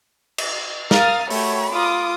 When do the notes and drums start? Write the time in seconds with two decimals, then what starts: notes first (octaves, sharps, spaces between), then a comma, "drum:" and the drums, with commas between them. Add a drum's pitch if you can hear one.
0.38 drum: cymbal
0.91 A#4 F5 D#6 F6 A6, drum: snare
1.30 A3 F#4 G4 C#5 B5, drum: open hi-hat
1.72 F4 D6 D#6